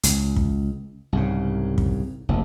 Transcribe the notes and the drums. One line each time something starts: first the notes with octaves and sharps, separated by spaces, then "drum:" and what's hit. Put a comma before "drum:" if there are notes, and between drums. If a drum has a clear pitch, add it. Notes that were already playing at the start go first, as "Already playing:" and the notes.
C#2, drum: hi-hat
drum: kick
C2 G#2 C#3
drum: kick
F1 A#1